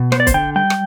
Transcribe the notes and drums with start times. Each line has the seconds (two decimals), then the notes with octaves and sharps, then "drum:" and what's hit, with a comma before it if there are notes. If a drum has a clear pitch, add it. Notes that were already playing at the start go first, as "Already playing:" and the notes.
Already playing: B2
0.12 B3 C5, drum: rim click
0.20 D5
0.27 C5, drum: kick, hi-hat
0.34 D3 G5
0.56 G3 G5
0.70 drum: rim click